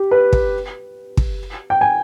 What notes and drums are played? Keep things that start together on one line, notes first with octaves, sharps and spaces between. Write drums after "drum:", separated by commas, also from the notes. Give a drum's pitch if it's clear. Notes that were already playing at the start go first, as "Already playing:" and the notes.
Already playing: G4
B4
drum: kick
drum: kick
G5
G#5